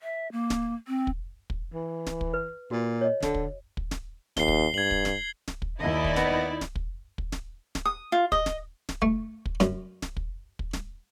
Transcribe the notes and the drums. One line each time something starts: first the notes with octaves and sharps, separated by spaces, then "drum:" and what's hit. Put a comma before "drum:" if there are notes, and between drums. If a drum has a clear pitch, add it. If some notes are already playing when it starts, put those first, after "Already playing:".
E5
A#3
drum: snare
C4
drum: kick
drum: kick
E3
drum: snare
drum: kick
B4
A#2 F#4
C#5 D#5
D3, drum: snare
drum: kick
drum: kick
drum: snare
D#2 C7 G7, drum: snare
drum: kick
G2 G#6 F#7
drum: kick
drum: snare
drum: snare
drum: kick
D#2 D#4 E4 D5 D#5
drum: kick
B3, drum: snare
drum: snare
drum: kick
drum: kick
drum: snare
drum: snare
D#6
F4
D#5, drum: kick
drum: snare
drum: snare
A3, drum: kick
drum: kick
F#2, drum: snare
drum: snare
drum: kick
drum: kick
drum: snare